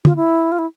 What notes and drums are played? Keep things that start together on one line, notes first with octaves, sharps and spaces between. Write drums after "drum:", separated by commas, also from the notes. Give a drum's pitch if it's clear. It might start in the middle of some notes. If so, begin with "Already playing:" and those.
F4, drum: tom
E4
F4
E4